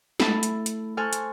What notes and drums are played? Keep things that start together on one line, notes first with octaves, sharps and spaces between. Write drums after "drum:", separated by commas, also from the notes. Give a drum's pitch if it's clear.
A3 E4 A4, drum: snare
drum: hi-hat
drum: hi-hat
A4 C5 G#5 C#6 F6 F#6
drum: hi-hat